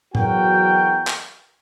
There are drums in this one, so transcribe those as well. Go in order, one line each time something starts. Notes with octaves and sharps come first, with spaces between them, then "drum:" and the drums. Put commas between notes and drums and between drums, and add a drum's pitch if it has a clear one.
E2 F#3 F#4 A#4 G5, drum: tom
drum: clap